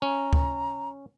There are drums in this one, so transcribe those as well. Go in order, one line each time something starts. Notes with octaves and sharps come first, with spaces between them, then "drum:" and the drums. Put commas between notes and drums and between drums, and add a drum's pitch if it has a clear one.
C#4 A#5
drum: kick